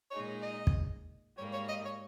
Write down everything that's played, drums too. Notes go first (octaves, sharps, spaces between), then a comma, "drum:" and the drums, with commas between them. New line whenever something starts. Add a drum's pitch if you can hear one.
A#2 G#3 D#4 G#4 C#5
D#5
drum: kick
G#2 G3 A#3 C#5
C#5
D#5
C#5